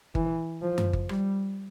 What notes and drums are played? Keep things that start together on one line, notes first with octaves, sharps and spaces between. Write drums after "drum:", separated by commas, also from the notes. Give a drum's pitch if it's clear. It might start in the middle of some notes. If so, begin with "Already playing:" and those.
E3, drum: kick G1
F3
drum: tom F#2
drum: kick G1
G3, drum: rim click